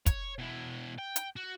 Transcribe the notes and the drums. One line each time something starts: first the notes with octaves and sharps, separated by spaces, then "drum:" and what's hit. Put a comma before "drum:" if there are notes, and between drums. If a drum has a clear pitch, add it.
C#5, drum: kick, hi-hat
B2 E4
G5
drum: hi-hat
F#4